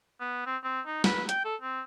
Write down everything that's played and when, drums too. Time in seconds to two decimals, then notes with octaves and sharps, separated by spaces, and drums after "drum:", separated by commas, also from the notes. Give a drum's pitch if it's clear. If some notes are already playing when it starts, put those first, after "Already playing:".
0.20 B3
0.46 C4
0.64 C4
0.86 D#4
1.04 B4, drum: snare
1.29 G5, drum: hi-hat
1.45 A4
1.61 C4